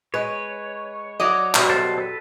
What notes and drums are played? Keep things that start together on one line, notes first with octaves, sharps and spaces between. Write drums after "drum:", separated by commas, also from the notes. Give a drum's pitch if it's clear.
G#3 B4 C#5
F#3 D5 D#5
B2 G3, drum: clap
A4 C5 A5
A4 B4